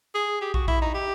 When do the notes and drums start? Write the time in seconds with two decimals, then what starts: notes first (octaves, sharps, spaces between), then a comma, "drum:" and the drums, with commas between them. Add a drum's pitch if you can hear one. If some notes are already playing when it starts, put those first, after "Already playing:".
0.15 G#4
0.41 G4
0.54 F#4, drum: kick
0.68 E4, drum: kick
0.82 D#4
0.94 G4